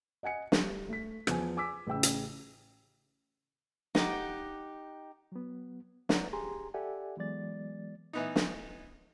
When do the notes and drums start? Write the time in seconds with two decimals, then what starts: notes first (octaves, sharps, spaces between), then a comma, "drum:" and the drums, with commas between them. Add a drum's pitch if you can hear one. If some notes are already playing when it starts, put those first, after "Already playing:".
0.23 D#5 F#5 G#5 C#7
0.52 G3, drum: snare
0.89 A3 B6
1.27 E2 F3 G#5, drum: rim click
1.57 G#5 D6 E6 B6
1.87 A1 C#3 G5 E6
2.03 drum: hi-hat
3.95 D#4 G4 F#5 D6, drum: snare
5.32 F#3 B3
6.09 D#4 B4 C#5 D5 F#5 A#5, drum: snare
6.33 G4 G#4 G#5 A#5 C6
6.74 G4 A4 D5 E5 F#5 G#5
7.17 E3 F#3 G#3 B3 D5 A6
8.13 E3 B3 D#4
8.36 drum: snare